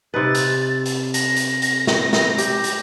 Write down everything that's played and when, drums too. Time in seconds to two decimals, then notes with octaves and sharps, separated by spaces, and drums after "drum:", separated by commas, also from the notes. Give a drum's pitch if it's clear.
0.14 C3 D#4 B4 A6
0.35 drum: hi-hat
0.86 drum: hi-hat
1.14 A#6, drum: hi-hat
1.36 drum: hi-hat
1.62 drum: hi-hat
1.87 drum: snare
2.13 drum: snare
2.38 G4, drum: hi-hat
2.64 drum: hi-hat